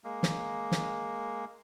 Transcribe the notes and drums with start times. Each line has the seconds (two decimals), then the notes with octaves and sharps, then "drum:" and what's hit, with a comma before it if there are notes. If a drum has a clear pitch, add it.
0.04 G#3 A#3
0.23 drum: snare
0.72 drum: snare